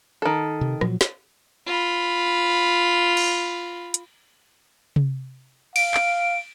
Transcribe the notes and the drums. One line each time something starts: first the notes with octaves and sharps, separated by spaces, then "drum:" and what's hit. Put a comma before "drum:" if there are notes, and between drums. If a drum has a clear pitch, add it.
D#3 A4
C3
A#2 F3 F#3, drum: rim click
drum: snare
F4 B5
drum: cymbal
drum: hi-hat
drum: tom C3
F5 D7, drum: cymbal
drum: clap